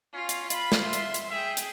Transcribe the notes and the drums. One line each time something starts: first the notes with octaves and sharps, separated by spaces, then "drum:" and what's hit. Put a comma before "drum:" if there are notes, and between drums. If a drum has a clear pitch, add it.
C#4 F4 F5
drum: hi-hat
F4 B5, drum: hi-hat
drum: snare
E5 C6
drum: hi-hat
drum: hi-hat
G#4 E5 G5
drum: hi-hat